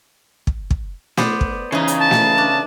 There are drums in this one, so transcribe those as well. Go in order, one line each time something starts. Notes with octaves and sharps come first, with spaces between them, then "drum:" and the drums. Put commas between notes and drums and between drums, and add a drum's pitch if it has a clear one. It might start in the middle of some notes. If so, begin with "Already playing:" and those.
drum: kick
drum: kick
B3 C5 D5, drum: snare
drum: kick
C#3 E3 D#4
drum: hi-hat
A5
drum: snare
D4